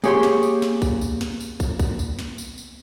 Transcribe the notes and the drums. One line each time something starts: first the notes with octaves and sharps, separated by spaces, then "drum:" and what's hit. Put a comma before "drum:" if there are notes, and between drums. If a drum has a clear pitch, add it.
A#3 G4 G#4 C#5 C6, drum: tambourine
drum: snare
drum: tambourine
drum: snare
drum: kick, tambourine
drum: tambourine
drum: snare
drum: tambourine
drum: kick, tambourine
drum: kick, tambourine
drum: tambourine
drum: snare
drum: tambourine
drum: tambourine